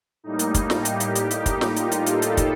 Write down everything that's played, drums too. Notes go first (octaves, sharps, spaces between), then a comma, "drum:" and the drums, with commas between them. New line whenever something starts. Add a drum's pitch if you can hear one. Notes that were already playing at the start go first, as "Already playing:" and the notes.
A2 G3 A#3 D#4
drum: hi-hat
drum: kick, hi-hat
drum: snare
G4, drum: hi-hat
drum: hi-hat
drum: hi-hat
drum: hi-hat
D#4, drum: kick, hi-hat
drum: snare
F4, drum: hi-hat
drum: hi-hat
A4, drum: hi-hat
drum: hi-hat
drum: kick, hi-hat